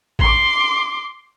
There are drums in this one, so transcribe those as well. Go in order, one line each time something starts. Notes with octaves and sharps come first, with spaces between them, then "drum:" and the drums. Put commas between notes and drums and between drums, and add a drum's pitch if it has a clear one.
C6 D6, drum: kick A1